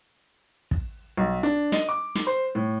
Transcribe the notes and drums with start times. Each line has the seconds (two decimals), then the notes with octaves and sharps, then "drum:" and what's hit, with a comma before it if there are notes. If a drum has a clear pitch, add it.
0.71 drum: kick
1.17 B1
1.43 D4, drum: hi-hat
1.72 D#5, drum: snare
1.89 D6
2.15 drum: snare
2.27 C5
2.55 A2